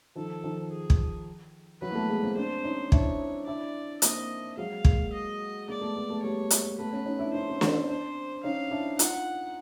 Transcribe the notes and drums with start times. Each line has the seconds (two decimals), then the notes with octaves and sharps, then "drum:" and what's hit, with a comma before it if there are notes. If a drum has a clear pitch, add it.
0.15 D#3 F3 A4
0.44 D#3 F3
0.71 G#4
0.90 drum: kick
1.82 E3 F#3 B4
1.90 A#3
1.95 A3 B3
2.09 G#3 A#3
2.23 A#3 C4
2.36 C4 D4 C5
2.64 C#4 D#4
2.92 D4 E4 C#5, drum: kick
3.47 D4 E4 D5
4.02 A#3 C4 D#5, drum: hi-hat
4.57 F#3 G#3 F5
4.85 G#3 A#3, drum: kick
5.13 D#5
5.68 G#3 A#3 D5
5.81 A3 B3
5.96 A3 B3
6.09 A3 B3
6.23 G3 A3 C#5
6.50 G#3 A#3, drum: hi-hat
6.79 A3 B3 B4
6.92 B3 C#4
7.05 C#4 D#4
7.19 D4 E4
7.33 C#4 D#4 C5
7.50 C4
7.61 B3 C#4, drum: snare
7.88 C4 D4 C5
8.44 C#4 D#4 F5
8.71 D4 E4
8.99 D#4 F4 F#5, drum: hi-hat